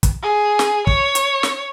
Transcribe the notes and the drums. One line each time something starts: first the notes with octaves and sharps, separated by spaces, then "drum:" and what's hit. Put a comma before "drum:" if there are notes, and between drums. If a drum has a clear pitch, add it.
drum: kick, hi-hat
G#4
drum: snare
C#5, drum: kick
drum: hi-hat
drum: snare